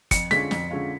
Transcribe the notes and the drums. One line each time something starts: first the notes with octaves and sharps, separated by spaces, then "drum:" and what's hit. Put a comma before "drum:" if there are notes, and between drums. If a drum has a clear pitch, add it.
F2 C#7, drum: kick, hi-hat
D3 G#3 C#4 F4 B6, drum: snare
F2, drum: snare
D3 G#3 C#4 F4